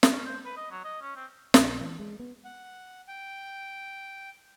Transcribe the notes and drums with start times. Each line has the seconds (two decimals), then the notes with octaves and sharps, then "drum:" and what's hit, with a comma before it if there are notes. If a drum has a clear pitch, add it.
0.03 drum: snare
0.12 C#4
0.26 C5
0.45 B4
0.57 D#5
0.71 F#3
0.84 D#5
1.01 C#4
1.16 C4
1.54 A#1, drum: snare
1.81 E3
1.99 G#3
2.20 B3
2.45 F#5
3.08 G5